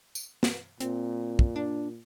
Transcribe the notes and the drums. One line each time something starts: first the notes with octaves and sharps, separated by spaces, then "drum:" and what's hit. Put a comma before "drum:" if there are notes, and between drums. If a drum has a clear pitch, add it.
drum: tambourine
drum: snare
A#2 C4, drum: hi-hat
drum: kick
D4